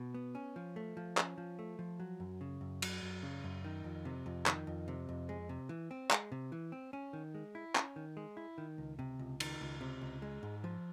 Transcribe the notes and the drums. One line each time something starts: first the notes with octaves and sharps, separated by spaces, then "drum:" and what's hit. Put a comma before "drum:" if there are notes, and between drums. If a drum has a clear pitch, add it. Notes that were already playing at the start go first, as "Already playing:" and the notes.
Already playing: B2
B3
C#4
F3
A3
F3
C#4, drum: clap
F3
A3
F3
F#3
F#2
C#3
F#2
F#3, drum: cymbal
F#2
C#3
F#2
D#3
F2
C3
F2
D#3, drum: clap
F2
C3
F2
G#3
C3
E3
C4
G#3, drum: clap
C3
E3
C4
C#4
D#3
G#3
E4
C#4, drum: clap
D#3
G#3
E4
D#3
C#2
C3
C#2
D#3, drum: cymbal
C#2
C3
C#2
G#3
G#2
F3